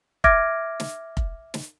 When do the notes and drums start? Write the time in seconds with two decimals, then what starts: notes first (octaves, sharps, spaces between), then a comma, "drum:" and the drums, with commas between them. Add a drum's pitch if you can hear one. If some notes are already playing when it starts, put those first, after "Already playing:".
0.24 E5 D6 F6 G#6 A#6 D7, drum: kick F1
0.80 drum: snare
1.17 drum: kick F1
1.54 drum: snare